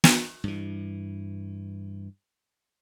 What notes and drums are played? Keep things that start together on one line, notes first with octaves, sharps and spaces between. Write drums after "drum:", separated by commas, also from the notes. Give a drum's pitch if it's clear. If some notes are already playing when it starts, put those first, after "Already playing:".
drum: snare
G2 E3